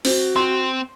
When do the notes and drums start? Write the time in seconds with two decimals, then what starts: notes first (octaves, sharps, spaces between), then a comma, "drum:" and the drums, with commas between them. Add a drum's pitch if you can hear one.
0.05 C4 F#4, drum: open hi-hat
0.36 C4 C6